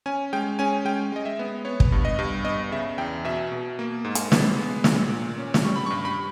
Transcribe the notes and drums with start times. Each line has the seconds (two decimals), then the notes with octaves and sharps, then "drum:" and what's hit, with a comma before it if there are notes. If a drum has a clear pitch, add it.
0.06 C#4 G#5
0.33 G#3 G5
0.59 C#4 G#5
0.85 G#3 G5
1.12 G#3 D#5
1.25 E5
1.39 B3
1.65 B3 C#5
1.80 drum: kick
1.92 G2
2.05 D#5
2.19 G2
2.45 B3 D#5
2.72 C#3 E5
2.98 E2 G5
3.25 B2 E5
3.51 B2
3.79 A#3
4.05 G#2
4.15 drum: hi-hat
4.32 B3, drum: snare
4.59 G#3
4.84 A#2, drum: snare
5.12 A#2
5.38 C#4
5.54 drum: snare
5.64 G3 C#6
5.76 B5
5.86 C#6
5.90 G2
6.05 B5